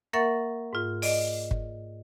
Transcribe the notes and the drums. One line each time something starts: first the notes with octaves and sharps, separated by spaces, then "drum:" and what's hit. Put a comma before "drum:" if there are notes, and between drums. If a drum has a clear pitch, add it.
A#3 A#4 E5 F#5 C#6 A6
G#2 F4
D5 D#5, drum: open hi-hat
drum: kick